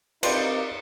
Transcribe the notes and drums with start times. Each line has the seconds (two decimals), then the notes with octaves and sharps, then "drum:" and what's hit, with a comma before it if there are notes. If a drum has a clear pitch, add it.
0.23 C4 D#4 F4 G4 A#4 B4 D5, drum: cymbal